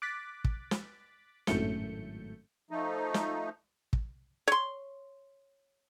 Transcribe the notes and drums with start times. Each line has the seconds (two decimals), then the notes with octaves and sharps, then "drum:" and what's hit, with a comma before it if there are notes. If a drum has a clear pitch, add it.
0.02 D6 F#6 A6 B6
0.44 drum: kick
0.71 drum: snare
1.47 G#1 F#2 A2 A3 G6 C#7, drum: snare
2.71 F3 A3 D#4
3.14 drum: snare
3.93 drum: kick
4.48 C#5 C6